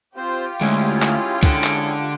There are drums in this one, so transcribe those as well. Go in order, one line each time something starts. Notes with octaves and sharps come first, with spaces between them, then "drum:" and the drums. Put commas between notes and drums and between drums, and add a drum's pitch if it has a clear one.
C4 F4 G4 C5
D2 G#3 C#4 E4 G#4
drum: clap
D3, drum: kick
drum: clap